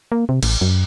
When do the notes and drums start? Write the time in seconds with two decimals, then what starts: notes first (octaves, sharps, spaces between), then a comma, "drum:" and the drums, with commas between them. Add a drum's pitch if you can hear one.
0.12 A#3
0.29 C3
0.43 A1, drum: cymbal
0.61 F#2